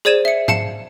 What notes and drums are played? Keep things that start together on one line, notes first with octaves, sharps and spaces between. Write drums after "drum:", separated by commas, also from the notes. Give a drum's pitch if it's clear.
G#4 C5 D5 G#6 D#7 E7
E5 C#7
F5 A5 C#7 E7, drum: tom G#2